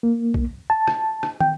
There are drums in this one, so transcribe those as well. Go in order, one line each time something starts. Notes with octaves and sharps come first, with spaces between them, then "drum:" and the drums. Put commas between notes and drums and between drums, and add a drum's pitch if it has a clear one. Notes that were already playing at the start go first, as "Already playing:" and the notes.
A#3
drum: kick
A5
drum: rim click
drum: rim click
G5, drum: tom